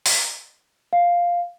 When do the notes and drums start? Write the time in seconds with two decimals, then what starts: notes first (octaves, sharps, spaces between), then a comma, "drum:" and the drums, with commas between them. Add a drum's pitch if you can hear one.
0.06 drum: open hi-hat
0.93 F5